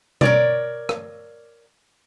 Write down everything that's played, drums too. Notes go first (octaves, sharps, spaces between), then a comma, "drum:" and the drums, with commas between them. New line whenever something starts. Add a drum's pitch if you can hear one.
A#4 C#5 D5, drum: tom B2
drum: rim click